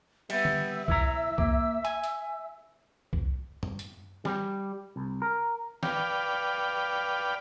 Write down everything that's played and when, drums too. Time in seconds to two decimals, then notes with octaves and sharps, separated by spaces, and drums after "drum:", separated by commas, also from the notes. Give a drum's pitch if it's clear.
0.30 G3 B3 E5 E6, drum: cymbal
0.45 drum: tom
0.88 B1 E4 A#5, drum: kick C2
1.38 A#3, drum: kick C2
1.85 G#5, drum: hi-hat
2.03 drum: hi-hat
3.13 drum: kick C2
3.63 drum: tom F#2
3.79 drum: hi-hat
4.25 G3, drum: snare
4.96 C2
5.22 A#4
5.83 B4 D5 F5 G5, drum: snare